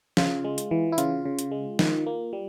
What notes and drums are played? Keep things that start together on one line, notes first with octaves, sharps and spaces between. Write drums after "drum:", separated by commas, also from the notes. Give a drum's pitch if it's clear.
C#3 F4, drum: snare
G#3
drum: hi-hat
E3
E4
C#3 F4, drum: hi-hat
C#3
drum: hi-hat
G#3
D#3, drum: snare
A#3
G3